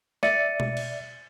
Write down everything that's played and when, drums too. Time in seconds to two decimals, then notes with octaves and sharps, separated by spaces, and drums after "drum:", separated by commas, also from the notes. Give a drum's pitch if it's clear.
0.23 D5 E5 A6 C#7 D#7, drum: snare
0.60 drum: tom B2
0.77 drum: cymbal